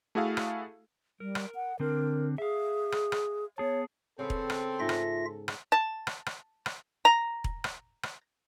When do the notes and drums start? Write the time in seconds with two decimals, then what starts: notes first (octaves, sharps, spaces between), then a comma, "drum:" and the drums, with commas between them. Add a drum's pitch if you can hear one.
0.15 A3 E4 F#4 G#4 A4 F5
0.37 drum: rim click
1.20 G3 A#4
1.35 drum: rim click
1.55 F#5
1.80 D3 C4 D4 A#4
2.38 G#4 E5 F5
2.92 drum: rim click
3.12 drum: rim click
3.58 B3 G#4 C#5 A5
4.19 C#3 B3 C4 A4
4.30 drum: kick E1
4.50 drum: rim click
4.79 G#2 F4 E5 G5 A#6
4.89 drum: rim click
5.48 drum: rim click
5.72 A5
6.07 drum: rim click
6.26 drum: rim click
6.66 drum: rim click
7.05 A#5
7.44 drum: kick E1
7.64 drum: rim click
8.03 drum: rim click